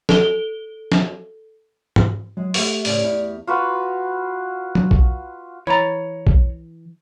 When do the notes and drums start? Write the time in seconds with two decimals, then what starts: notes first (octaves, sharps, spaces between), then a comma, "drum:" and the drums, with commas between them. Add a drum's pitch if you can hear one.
0.09 A4 G7, drum: snare
0.92 drum: snare
1.96 drum: tom
2.37 F#3 G#3
2.54 A3 G4 A4 E5 F#5 C#6, drum: open hi-hat
2.85 A2 C#3 C#4 D5, drum: open hi-hat
3.02 E2 E4
3.47 F4 F#4 B4
4.75 drum: tom
4.91 drum: kick B1
5.67 E3 C#5 A#5 B5 A6
6.27 drum: kick B1